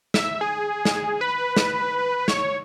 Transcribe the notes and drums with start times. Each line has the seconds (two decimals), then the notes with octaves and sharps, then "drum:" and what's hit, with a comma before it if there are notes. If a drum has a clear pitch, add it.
0.14 E5, drum: snare
0.41 G#4
0.85 drum: snare
1.21 B4
1.56 drum: snare
2.28 C#5, drum: snare